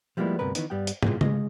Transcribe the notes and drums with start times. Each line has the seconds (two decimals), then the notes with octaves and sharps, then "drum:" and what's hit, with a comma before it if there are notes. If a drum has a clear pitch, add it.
0.17 F3 G3 G#3 A#3 B3 E4
0.39 D2 G2 C3 B3 A#4 B4
0.55 D#3 E3 B3 D#4, drum: hi-hat
0.70 G2 G3 B3 G5
0.87 drum: hi-hat
1.03 G2 A#2 C#3 E3 G#3 F4, drum: tom
1.21 C#3 G#3 D#5, drum: tom C#3